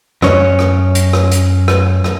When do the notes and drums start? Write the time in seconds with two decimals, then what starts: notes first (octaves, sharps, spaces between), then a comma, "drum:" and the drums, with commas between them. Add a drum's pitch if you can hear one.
0.22 F#2 C#4 C#5, drum: rim click
0.59 drum: rim click
0.95 drum: hi-hat
1.13 drum: rim click
1.32 drum: hi-hat
1.68 drum: rim click
2.04 drum: rim click